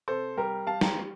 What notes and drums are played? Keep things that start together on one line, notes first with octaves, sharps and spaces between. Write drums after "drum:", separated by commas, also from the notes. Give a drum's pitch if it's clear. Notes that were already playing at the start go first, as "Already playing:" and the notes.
C3 A4 C5
G3 G4 A#4
G3 F5 A5
G5 A#5, drum: snare
G3